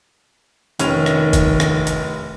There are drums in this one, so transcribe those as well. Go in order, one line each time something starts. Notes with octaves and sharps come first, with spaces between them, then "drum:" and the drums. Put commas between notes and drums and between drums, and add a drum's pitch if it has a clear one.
F1 D#3 C#4 F7, drum: hi-hat
drum: rim click
drum: kick F#1, hi-hat
drum: rim click
drum: hi-hat